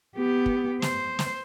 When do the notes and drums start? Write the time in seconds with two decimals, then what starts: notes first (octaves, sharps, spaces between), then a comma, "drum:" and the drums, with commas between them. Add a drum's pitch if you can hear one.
0.17 B3 G4
0.46 drum: kick
0.82 C5, drum: snare
1.19 drum: snare